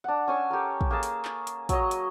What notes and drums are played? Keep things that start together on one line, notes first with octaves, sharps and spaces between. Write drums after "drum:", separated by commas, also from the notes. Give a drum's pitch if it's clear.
D4 F#5
C#4 G#5 C#6 E6
G4 A4 A#4
drum: kick
A#3 G#4 A5
drum: hi-hat
drum: clap
drum: hi-hat
F#3 C#5 D#5, drum: kick, hi-hat
drum: hi-hat